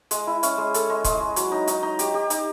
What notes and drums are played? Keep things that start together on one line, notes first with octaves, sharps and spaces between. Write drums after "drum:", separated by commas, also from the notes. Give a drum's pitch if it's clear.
G#3, drum: hi-hat
E4
C#4, drum: hi-hat
G#3
A4, drum: hi-hat
G#3
G#3, drum: kick, hi-hat
G#3
F#3, drum: hi-hat
D#4
D#4, drum: hi-hat
D#4
G4, drum: hi-hat
G4
D#4, drum: hi-hat